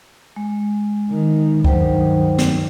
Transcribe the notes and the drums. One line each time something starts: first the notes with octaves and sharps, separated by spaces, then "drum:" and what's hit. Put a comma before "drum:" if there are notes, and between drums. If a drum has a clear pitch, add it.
G#3
D#3
G2 D#3 F#3 C5 G5, drum: kick C#2
drum: snare